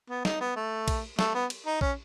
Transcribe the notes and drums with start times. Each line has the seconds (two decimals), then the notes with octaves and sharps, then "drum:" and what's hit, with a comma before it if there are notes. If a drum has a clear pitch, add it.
0.10 B3
0.25 D#4, drum: snare
0.41 B3
0.56 A3
0.88 drum: kick A#1, cymbal
1.19 A3, drum: snare
1.35 B3
1.50 drum: cymbal
1.66 D#4
1.81 C#4, drum: kick A#1